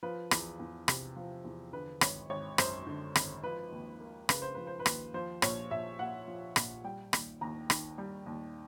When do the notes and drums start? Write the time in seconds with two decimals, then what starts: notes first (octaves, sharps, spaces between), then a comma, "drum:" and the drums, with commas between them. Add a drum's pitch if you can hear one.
0.03 F3 B4
0.31 E2, drum: rim click
0.60 E2
0.88 C3, drum: rim click
1.16 F3
1.45 E2
1.73 D3 B4
2.01 G#1 C#5, drum: rim click
2.30 G#1 C#5
2.58 F#2 C5, drum: rim click
2.87 D3
3.16 G#1, drum: rim click
3.43 F3 B4
3.72 D#2
4.00 A#3
4.29 C#3 B4, drum: rim click
4.42 C5
4.54 F3 B4
4.67 C5
4.79 B4
4.86 D#2, drum: rim click
5.14 F3 C5
5.42 A#1 C#5, drum: rim click
5.71 A#1 E5
5.99 A#2 F#5
6.27 F3
6.56 A#1, drum: rim click
6.84 G3 G5
7.13 D#2, drum: rim click
7.41 D#2 A#5
7.70 D#3, drum: rim click
7.98 G3
8.27 D#2